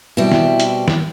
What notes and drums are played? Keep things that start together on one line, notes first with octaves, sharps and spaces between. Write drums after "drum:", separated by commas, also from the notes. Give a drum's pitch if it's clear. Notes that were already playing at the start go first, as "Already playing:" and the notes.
B2 G3 C4 E4
drum: snare
drum: hi-hat
drum: snare